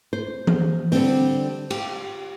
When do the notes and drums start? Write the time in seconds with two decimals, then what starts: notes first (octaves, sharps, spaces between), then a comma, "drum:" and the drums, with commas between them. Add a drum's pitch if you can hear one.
0.13 C5
0.47 drum: tom E3
0.92 D3 G3 C4 C5, drum: open hi-hat
1.70 G4, drum: cymbal